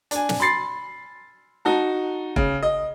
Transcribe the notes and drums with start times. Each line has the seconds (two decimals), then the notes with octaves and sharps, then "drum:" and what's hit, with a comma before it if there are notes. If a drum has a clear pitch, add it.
0.11 D4 G#5, drum: hi-hat
0.29 drum: snare
0.40 B5 C6 A6 C7
1.65 D#4 F#4 A5
2.36 C#3, drum: kick F1
2.63 D#5